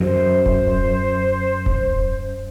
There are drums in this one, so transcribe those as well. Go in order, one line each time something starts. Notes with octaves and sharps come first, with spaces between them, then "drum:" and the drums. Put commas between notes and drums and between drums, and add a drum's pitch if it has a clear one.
F#2 C5
drum: kick D#1
drum: kick D#1